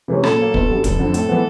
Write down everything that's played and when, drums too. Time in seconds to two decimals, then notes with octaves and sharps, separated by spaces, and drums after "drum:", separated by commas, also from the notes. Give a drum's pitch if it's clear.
0.08 C3 E3 G#3 C#4
0.23 A#2 A4, drum: rim click
0.39 F#3 A#3
0.54 G1, drum: kick
0.69 F#2 D3 G3
0.84 F1 A4, drum: kick, hi-hat
0.99 F2 D3
1.14 A2, drum: hi-hat
1.29 E3 G#3 B3